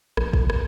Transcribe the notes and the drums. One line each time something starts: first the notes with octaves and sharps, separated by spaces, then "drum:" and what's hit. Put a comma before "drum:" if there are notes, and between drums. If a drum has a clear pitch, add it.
A#1, drum: rim click
drum: kick
drum: rim click